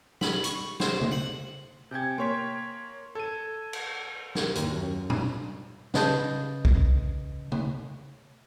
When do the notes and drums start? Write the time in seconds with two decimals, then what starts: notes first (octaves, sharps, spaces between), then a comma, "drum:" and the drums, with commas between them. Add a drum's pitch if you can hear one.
0.21 B5, drum: snare
0.44 C#6, drum: hi-hat
0.80 C5, drum: snare
1.01 drum: tom C#3
1.11 F#5
1.91 C3 G5 G#5 G6 G#6
2.18 A#3 C#5 C6 G#6 B6
3.15 A4 G#6 D#7
3.73 drum: cymbal
4.35 A#4, drum: snare
4.55 D#2, drum: hi-hat
4.71 F#2
5.10 drum: tom A#2
5.94 C#3 B4 D#5 A5 G6, drum: snare
6.65 drum: kick B1
7.52 drum: tom C#3